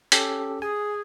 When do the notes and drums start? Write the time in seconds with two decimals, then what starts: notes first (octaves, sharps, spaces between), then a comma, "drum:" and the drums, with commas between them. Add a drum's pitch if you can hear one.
0.12 C#4 G4 A4, drum: hi-hat
0.62 G#4 G#5